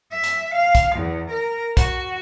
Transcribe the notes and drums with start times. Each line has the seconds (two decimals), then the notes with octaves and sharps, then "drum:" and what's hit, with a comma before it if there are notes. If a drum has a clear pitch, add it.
0.11 E5
0.24 drum: hi-hat
0.55 F5
0.75 drum: kick, hi-hat
0.96 E2
1.30 A#4
1.77 F#4, drum: kick, hi-hat